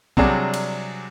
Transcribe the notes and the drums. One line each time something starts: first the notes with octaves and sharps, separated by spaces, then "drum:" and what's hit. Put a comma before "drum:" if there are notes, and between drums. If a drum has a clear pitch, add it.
C3 F#3 G3 D4 G#4, drum: kick A#1
drum: cymbal